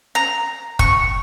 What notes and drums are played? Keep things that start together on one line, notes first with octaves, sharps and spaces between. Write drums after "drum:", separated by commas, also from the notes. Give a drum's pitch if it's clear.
A#5
C#6, drum: kick